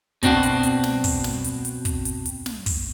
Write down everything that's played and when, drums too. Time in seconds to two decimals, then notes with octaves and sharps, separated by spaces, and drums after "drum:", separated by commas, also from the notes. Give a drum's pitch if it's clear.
0.23 B2 C4 D4 F#4, drum: kick, hi-hat
0.43 drum: hi-hat
0.63 drum: hi-hat
0.84 drum: snare
1.04 drum: kick, open hi-hat
1.24 drum: snare
1.44 drum: hi-hat
1.65 drum: hi-hat
1.85 drum: kick, hi-hat
2.05 drum: hi-hat
2.26 drum: hi-hat
2.46 drum: snare
2.66 drum: kick, open hi-hat